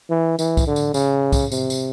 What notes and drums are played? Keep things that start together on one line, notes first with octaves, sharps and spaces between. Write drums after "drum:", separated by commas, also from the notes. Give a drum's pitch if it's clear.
E3
E3, drum: tambourine
drum: kick, tambourine
D3
drum: tambourine
C#3, drum: tambourine
drum: kick, tambourine
C3, drum: tambourine
drum: tambourine